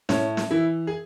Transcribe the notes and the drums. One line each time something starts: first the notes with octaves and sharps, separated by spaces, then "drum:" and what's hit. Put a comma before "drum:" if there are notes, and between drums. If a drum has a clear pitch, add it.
A2 C#4, drum: snare
drum: snare
E3 E4
G#4